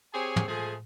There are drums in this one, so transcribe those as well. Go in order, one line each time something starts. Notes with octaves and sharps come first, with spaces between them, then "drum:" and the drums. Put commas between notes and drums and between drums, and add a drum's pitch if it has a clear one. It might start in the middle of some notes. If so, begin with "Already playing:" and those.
C4 G4 G#4 C#5 G#5
drum: tom
F3 A3 G#4